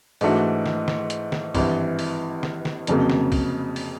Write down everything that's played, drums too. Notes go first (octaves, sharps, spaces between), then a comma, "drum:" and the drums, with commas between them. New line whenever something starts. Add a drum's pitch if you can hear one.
G#2 E3 A3 D4 F#4, drum: open hi-hat
drum: snare
drum: snare
drum: hi-hat
drum: snare
G#1 G2 E3, drum: kick, open hi-hat
drum: open hi-hat
drum: snare
drum: snare
F1 F2 C#3 F#3 A#3, drum: hi-hat
drum: snare
drum: kick, open hi-hat
drum: open hi-hat